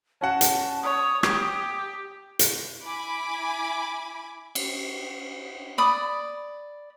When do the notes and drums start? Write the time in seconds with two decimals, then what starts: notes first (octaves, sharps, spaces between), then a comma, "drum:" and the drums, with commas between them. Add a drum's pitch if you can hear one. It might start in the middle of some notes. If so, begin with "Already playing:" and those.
0.21 C#4 F#4 F#5 A5
0.41 drum: hi-hat
0.83 C#5 D#6
1.23 G4 G#6, drum: rim click
2.39 drum: hi-hat
2.84 E4 G#5 B5 D6
4.55 drum: cymbal
5.78 D5 B5 D#6